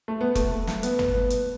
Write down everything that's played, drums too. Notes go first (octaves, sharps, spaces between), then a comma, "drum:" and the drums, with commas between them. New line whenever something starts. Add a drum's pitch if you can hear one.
A3
B3
A3, drum: kick, hi-hat
A3
A3, drum: snare
B3, drum: hi-hat
drum: tom
B3
drum: hi-hat